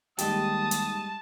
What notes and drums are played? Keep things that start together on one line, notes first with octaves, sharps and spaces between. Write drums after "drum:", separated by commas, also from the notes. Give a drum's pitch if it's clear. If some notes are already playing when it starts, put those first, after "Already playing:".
D#2 G3 G#3 G4 A5 D#6, drum: hi-hat
drum: hi-hat